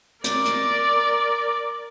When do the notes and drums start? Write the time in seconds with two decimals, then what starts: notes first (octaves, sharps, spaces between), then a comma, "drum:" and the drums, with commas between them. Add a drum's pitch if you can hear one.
0.24 A#4 D5, drum: hi-hat
0.45 drum: hi-hat